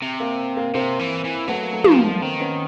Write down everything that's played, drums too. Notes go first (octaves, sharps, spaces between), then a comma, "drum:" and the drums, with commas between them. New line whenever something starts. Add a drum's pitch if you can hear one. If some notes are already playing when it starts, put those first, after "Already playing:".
C3
A#3
A#3
C3 A#3 C4
E3
E3
F#3 A3 B3
A#3
A3
F3, drum: tom
A#3
D#3 A#3 C4
B3 C#4